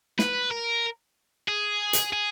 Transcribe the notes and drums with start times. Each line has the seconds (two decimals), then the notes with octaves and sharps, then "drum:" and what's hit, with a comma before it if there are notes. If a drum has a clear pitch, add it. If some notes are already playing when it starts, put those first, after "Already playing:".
0.19 B4, drum: snare
0.51 A#4
1.48 G#4
1.93 drum: hi-hat
2.13 G#4